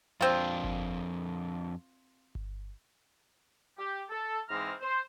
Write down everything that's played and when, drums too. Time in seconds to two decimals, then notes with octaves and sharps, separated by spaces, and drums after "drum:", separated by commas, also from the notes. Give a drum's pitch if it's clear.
0.21 F2 C4 D4 F4
0.64 drum: kick G1
2.35 drum: kick G1
3.78 G4
4.09 A4
4.49 G#2 E3 G#3 C4 A#5 F6
4.80 C5